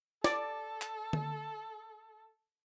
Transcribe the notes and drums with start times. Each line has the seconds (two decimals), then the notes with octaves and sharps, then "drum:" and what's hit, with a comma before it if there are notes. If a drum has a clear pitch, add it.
0.24 A4 D5, drum: snare
0.82 drum: clap
1.13 drum: tom D3